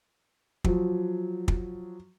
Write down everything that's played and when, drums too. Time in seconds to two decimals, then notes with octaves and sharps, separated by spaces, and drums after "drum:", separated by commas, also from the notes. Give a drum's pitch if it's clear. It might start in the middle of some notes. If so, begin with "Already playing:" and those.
0.64 F3 F#3, drum: kick
1.48 drum: kick